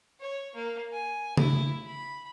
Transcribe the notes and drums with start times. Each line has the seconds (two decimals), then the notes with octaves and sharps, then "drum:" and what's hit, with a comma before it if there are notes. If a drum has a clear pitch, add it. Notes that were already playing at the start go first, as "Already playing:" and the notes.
0.20 C#5
0.55 A#3
0.93 G#5
1.37 E4, drum: tom C#3
1.86 B5